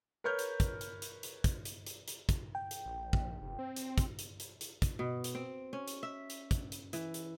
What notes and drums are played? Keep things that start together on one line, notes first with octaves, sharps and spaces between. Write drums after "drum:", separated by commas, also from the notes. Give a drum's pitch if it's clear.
A#4 B4 C#5 F6 G6
drum: hi-hat
drum: kick, hi-hat
drum: hi-hat
drum: hi-hat
drum: hi-hat
drum: kick, hi-hat
drum: hi-hat
drum: hi-hat
drum: hi-hat
drum: kick, hi-hat
G5
drum: hi-hat
A#1
drum: kick
F1
C4
drum: hi-hat
drum: kick, hi-hat
drum: hi-hat
drum: hi-hat
drum: hi-hat
drum: kick, hi-hat
B2
drum: hi-hat
C4
C#4
drum: hi-hat
E5
drum: hi-hat
drum: kick, hi-hat
drum: hi-hat
E3, drum: hi-hat
drum: hi-hat